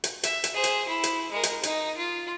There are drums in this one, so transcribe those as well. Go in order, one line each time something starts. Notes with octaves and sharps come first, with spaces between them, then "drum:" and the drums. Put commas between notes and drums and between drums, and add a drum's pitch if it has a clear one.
drum: hi-hat
E5, drum: hi-hat
drum: hi-hat
G#4 C5
drum: hi-hat
E4
drum: hi-hat
G#3 A#4
drum: hi-hat
D#4, drum: hi-hat
F4